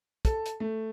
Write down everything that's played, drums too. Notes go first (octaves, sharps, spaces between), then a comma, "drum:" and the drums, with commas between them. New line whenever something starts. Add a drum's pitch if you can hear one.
A4, drum: kick, hi-hat
drum: hi-hat
A3